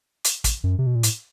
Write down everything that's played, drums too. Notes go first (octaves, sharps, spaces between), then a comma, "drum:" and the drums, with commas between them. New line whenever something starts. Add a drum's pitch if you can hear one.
drum: hi-hat
drum: kick, hi-hat
F#2
C3
B2
A#2
A2, drum: hi-hat